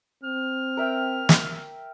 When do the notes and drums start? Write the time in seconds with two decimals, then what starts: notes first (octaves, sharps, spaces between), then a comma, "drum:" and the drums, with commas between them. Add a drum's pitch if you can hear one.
0.23 C4 F6
0.77 A#4 E5 G5
1.29 drum: snare